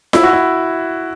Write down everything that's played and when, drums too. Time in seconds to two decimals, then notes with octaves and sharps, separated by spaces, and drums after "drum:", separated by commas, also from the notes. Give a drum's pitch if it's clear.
0.13 E4, drum: snare F4
0.23 F#4
0.33 E4